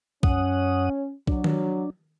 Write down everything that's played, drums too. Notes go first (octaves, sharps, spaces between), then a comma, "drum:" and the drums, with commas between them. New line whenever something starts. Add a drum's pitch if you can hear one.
F#2 C#4 F#5 D#6, drum: kick
F#3 D4, drum: kick
drum: tom D#3